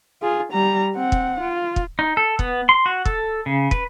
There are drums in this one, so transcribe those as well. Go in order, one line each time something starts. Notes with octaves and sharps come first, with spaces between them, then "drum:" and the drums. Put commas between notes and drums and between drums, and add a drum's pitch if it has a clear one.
F4 G#4
G3 A#5
C4 F#5
drum: kick
F4
drum: kick
D#4
A4
B3, drum: kick
C6
F#4
A4, drum: kick
C#3
B4, drum: kick